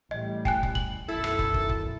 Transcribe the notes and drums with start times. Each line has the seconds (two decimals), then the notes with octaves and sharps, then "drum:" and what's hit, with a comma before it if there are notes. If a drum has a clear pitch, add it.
0.11 A1 G3 D#5
0.45 G5 G#5 F#6, drum: kick
0.63 drum: kick
0.75 F#7, drum: kick
1.09 B1 F#2 D#3 E4 A4
1.24 drum: rim click
1.39 drum: kick
1.54 drum: kick
1.69 drum: kick